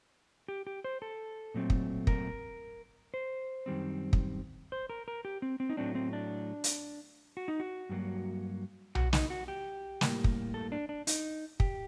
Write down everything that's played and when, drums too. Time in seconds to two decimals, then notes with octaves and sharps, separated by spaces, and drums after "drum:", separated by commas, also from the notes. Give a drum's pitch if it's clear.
0.48 G4
0.67 G4
0.84 C5
1.02 A4
1.54 A#2 F#3 A3 C4
1.70 drum: kick
2.07 A#4, drum: kick
3.14 C5
3.66 F#2 D#3 G3 C4
4.13 drum: kick
4.72 C5
4.90 A#4
5.08 A#4
5.25 G4
5.42 C4
5.60 C4
5.70 D#4
5.77 A2 F#3 A3 C4 D4
5.95 C4
6.13 D4
6.64 drum: hi-hat
7.37 F#4
7.48 D#4
7.60 F#4
7.89 G2 F#3 A#3
8.95 F#4, drum: tom B1
9.13 D#4, drum: snare
9.30 F#4
9.48 G4
10.01 A2 G3 A#3, drum: snare
10.24 drum: kick
10.54 A4
10.72 D4
10.89 D4
11.07 D#4, drum: hi-hat
11.60 G4, drum: kick